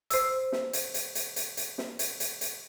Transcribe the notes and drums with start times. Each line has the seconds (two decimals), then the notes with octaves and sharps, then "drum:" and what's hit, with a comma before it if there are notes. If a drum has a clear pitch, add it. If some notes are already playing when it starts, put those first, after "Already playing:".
0.10 C5 E6, drum: hi-hat
0.52 drum: snare
0.73 drum: hi-hat
0.94 drum: hi-hat
1.15 drum: hi-hat
1.36 drum: hi-hat
1.57 drum: hi-hat
1.78 drum: snare
1.99 drum: hi-hat
2.20 drum: hi-hat
2.41 drum: hi-hat